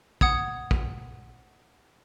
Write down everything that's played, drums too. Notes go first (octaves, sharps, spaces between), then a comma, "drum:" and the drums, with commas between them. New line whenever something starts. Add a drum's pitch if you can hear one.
F#5 D#6 G#6, drum: kick
drum: kick